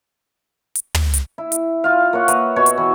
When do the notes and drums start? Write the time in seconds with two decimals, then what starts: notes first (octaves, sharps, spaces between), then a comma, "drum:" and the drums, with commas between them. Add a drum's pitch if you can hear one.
0.75 drum: hi-hat
0.94 drum: tom
1.14 drum: hi-hat
1.38 E4
1.52 drum: hi-hat
1.84 F4 F5
2.13 A#3 C#5 F#5
2.28 B4 E5 A#5, drum: hi-hat
2.56 B2 F#4 C#5
2.66 drum: hi-hat
2.78 E3